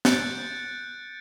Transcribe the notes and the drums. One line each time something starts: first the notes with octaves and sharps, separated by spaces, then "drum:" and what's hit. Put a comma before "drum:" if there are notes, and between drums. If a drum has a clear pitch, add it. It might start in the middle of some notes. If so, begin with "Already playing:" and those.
F#6 G6 A6 C#7 D7, drum: snare